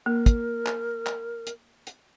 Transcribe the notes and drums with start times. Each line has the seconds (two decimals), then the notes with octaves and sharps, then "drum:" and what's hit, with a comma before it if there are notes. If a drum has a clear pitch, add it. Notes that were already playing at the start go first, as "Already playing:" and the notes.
0.06 A#3 A#4
0.26 drum: kick, hi-hat
0.66 drum: clap
1.07 drum: clap
1.47 drum: hi-hat
1.87 drum: hi-hat